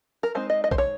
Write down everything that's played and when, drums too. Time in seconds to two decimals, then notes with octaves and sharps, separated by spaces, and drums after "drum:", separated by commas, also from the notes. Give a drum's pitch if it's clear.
0.23 A#4
0.35 G#3 C4 D#4 C5
0.50 D#5
0.64 D#5
0.71 C5, drum: kick A#1
0.78 C#5